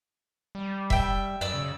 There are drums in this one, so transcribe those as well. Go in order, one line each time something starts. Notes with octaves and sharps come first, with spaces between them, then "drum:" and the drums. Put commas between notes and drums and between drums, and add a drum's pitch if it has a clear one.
G3
E5 G5, drum: kick E1
F#2 D5 E6
C#3